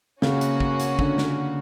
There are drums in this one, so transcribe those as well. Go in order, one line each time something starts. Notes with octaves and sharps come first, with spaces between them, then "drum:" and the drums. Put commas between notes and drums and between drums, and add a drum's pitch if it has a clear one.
C#3 A#3 C#4 F#4, drum: snare
drum: hi-hat
drum: kick
drum: hi-hat
D3, drum: kick
drum: snare